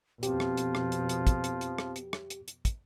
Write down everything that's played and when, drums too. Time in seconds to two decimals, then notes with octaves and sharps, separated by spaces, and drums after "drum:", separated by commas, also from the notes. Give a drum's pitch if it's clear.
0.23 F2 B2 F3 C4 G4, drum: hi-hat
0.40 drum: rim click
0.57 drum: hi-hat
0.75 drum: rim click
0.92 drum: hi-hat
1.09 drum: hi-hat
1.27 drum: kick, hi-hat
1.44 drum: hi-hat
1.61 drum: hi-hat
1.78 drum: rim click
1.96 drum: hi-hat
2.13 drum: rim click
2.30 drum: hi-hat
2.48 drum: hi-hat
2.65 drum: kick, hi-hat